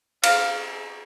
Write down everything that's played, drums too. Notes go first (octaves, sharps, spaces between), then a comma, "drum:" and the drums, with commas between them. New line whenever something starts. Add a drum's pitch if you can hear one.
F5, drum: cymbal